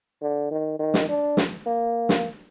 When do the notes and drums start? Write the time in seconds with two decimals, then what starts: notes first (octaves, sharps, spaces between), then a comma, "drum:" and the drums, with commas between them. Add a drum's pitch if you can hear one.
0.22 D3
0.51 D#3
0.79 D#3
0.94 drum: snare
1.09 D4
1.37 drum: snare
1.66 A#3
2.09 drum: snare